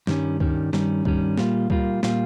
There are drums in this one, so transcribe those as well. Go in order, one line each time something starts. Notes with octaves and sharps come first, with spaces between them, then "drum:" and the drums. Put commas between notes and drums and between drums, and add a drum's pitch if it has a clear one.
G2 D#3 G3 C#4, drum: snare
G2 D#3 G3 C#4, drum: kick C#2
G2 D#3 G3 C#4, drum: snare
G2 D#3 G3 C#4, drum: kick C#2
A#2 G3 A#3 F4, drum: snare
A#2 G3 A#3 F4, drum: kick C#2
A#2 G3 A#3 F4, drum: snare